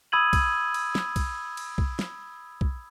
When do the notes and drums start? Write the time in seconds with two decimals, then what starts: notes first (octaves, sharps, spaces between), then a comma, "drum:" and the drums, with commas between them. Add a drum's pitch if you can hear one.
0.12 B5 D#6 E6 G#6 D#7 F#7
0.33 drum: kick, cymbal
0.74 drum: cymbal
0.95 drum: snare
1.16 drum: kick, cymbal
1.57 drum: cymbal
1.78 drum: kick
1.99 drum: snare
2.61 drum: kick